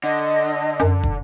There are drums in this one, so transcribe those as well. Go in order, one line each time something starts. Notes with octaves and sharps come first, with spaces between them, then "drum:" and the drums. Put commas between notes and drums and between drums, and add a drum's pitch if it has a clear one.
D3 D#5
F#2, drum: hi-hat
drum: kick